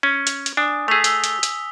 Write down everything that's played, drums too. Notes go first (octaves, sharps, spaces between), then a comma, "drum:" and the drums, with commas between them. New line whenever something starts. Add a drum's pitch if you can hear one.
C#4
drum: hi-hat
drum: hi-hat
D4 G#5 D#6
A3 G#4 E6 B6 F7
E6 G7, drum: hi-hat
G7, drum: hi-hat
drum: hi-hat